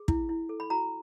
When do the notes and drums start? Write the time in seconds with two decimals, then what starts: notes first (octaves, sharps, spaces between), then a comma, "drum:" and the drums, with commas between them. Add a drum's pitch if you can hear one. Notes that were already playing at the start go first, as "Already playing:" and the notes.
Already playing: G#4
0.08 E4, drum: kick
0.29 E4
0.49 A4
0.60 B5
0.70 F#4 A#5